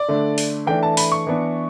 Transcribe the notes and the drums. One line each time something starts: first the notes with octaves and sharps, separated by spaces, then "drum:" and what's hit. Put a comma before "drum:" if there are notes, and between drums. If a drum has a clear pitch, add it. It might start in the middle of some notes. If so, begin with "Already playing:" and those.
Already playing: D5
D3 A3 D4
drum: open hi-hat
E3 A3 D4 G5
A5
B5, drum: open hi-hat
C#6
E3 B3 D4